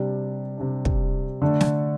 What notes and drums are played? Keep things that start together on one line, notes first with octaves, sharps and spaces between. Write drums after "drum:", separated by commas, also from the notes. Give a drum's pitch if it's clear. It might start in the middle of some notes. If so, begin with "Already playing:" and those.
Already playing: C3 G3 D4
C3 G3 D4
drum: kick
D3 A3 D4
drum: snare